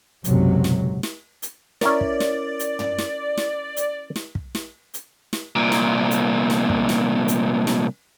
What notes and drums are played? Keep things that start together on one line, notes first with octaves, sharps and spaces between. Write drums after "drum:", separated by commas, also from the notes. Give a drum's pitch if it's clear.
F#1 B1 G#2 C3 F#3, drum: hi-hat
drum: snare
drum: snare
drum: hi-hat
C#4 E4 A#4 D5, drum: snare
drum: kick
drum: snare
drum: hi-hat
drum: tom
drum: snare
drum: snare
drum: hi-hat
drum: snare
drum: kick
drum: snare
drum: hi-hat
drum: snare
C2 A#2
drum: snare
drum: hi-hat
drum: snare
drum: kick
drum: snare
drum: hi-hat
drum: snare